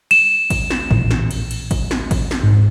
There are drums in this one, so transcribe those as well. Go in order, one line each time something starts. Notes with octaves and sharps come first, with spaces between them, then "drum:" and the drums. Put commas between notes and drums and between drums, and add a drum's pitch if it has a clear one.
E7, drum: cymbal
drum: kick G#1, cymbal
drum: snare
A#1 A2 E3, drum: kick G#1
drum: snare
drum: cymbal
drum: cymbal
drum: kick G#1, cymbal
drum: snare
drum: kick G#1, cymbal
drum: snare
G#2